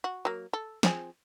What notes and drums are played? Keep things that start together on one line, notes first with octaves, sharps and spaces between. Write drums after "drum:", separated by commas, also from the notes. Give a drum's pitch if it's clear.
F#4
F#3 A#3
A4
F3 C4 G#4, drum: snare